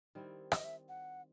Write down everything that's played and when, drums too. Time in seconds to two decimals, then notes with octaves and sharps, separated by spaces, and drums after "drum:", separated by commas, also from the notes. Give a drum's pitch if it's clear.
0.15 D#3 G3 C4 E4
0.52 D#5, drum: rim click
0.64 E5
0.89 F#5